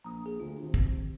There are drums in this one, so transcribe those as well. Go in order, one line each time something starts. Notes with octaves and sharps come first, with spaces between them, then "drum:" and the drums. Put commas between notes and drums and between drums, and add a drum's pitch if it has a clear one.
A#1 A#5 D#6
G#4
D2 F4
C3 D#3
drum: kick